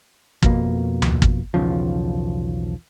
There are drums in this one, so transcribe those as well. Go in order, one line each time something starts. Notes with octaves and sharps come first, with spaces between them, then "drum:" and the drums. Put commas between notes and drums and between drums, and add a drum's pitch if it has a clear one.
F2 B2 A#3, drum: kick
drum: tom D2
drum: kick
B1 E2 C#3 F3